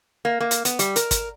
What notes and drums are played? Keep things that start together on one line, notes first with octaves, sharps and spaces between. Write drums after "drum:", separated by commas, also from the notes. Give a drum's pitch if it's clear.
A#3
A#3
drum: hi-hat
B3, drum: hi-hat
G3, drum: hi-hat
A#4, drum: hi-hat
drum: kick, hi-hat